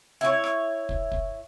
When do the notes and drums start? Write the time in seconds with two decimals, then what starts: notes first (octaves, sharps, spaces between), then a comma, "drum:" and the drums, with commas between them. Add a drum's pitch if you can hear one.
0.21 E4 C#5
0.44 drum: rim click
0.89 drum: kick
1.12 drum: kick